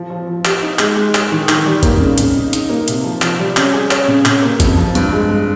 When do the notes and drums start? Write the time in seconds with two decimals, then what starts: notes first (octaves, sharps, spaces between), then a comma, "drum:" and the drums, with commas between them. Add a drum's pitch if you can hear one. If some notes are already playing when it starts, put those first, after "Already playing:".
Already playing: F3
0.10 F3
0.28 F3
0.45 G4, drum: clap
0.62 D#4
0.79 G#3, drum: clap
0.96 G#3
1.15 G#4, drum: clap
1.32 D#3
1.49 D#3, drum: clap
1.65 G3
1.83 A#3, drum: kick, hi-hat
2.00 C#3
2.18 C#3, drum: hi-hat
2.35 D#4
2.53 D#4, drum: hi-hat
2.69 A#3
2.88 C3, drum: hi-hat
3.04 F3
3.22 F3, drum: clap
3.39 G3
3.57 C#4, drum: clap
3.73 G#4
3.91 C#5, drum: clap
4.08 C#3
4.25 C#3, drum: clap
4.42 A#3
4.60 F2, drum: kick, hi-hat
4.77 F3
4.95 G2, drum: hi-hat
5.13 G#3
5.29 G#3